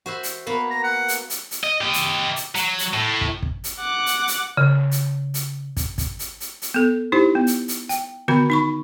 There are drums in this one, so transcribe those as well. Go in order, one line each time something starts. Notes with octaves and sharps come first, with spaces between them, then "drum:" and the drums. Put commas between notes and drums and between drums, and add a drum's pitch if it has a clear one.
F#4 C5 E5
drum: hi-hat
A#3 B3 F#4
A#5
F#5
drum: hi-hat
drum: hi-hat
drum: hi-hat
D#5
G4 D#5
drum: hi-hat
drum: hi-hat
F#3, drum: hi-hat
drum: hi-hat
A2
drum: kick
drum: kick
drum: hi-hat
F#5 D6
drum: hi-hat
drum: hi-hat
C#3
drum: hi-hat
drum: hi-hat
drum: kick, hi-hat
drum: kick, hi-hat
drum: hi-hat
drum: hi-hat
drum: hi-hat
B3 A4
D#4 E4 G4 C5
B3
drum: hi-hat
drum: hi-hat
G5, drum: hi-hat
D3 D#3 B3 F#4 B5
D#4 B5 C#6